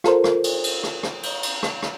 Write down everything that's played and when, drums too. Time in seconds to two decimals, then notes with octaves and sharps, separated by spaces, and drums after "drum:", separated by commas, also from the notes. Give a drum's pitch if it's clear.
0.04 F4 A4 A#4 C5, drum: rim click
0.24 drum: rim click
0.44 drum: cymbal
0.64 drum: cymbal
0.83 drum: rim click
1.03 drum: rim click
1.23 drum: cymbal
1.43 drum: cymbal
1.63 drum: rim click
1.82 drum: rim click